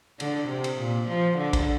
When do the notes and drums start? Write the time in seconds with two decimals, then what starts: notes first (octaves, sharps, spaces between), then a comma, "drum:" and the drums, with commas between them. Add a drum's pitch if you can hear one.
0.20 D3, drum: cymbal
0.49 C3
0.64 drum: cymbal
0.79 A#2
1.09 F3
1.38 D3
1.53 drum: kick, cymbal